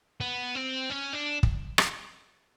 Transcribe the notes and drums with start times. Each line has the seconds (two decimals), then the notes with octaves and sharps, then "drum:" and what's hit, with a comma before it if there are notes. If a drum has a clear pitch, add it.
0.20 B3
0.55 C4
0.90 C#4
1.14 D4
1.43 drum: kick
1.78 drum: rim click